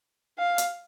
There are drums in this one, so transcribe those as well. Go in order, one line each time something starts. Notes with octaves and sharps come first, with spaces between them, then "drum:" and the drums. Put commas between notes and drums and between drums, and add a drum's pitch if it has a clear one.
F5
drum: hi-hat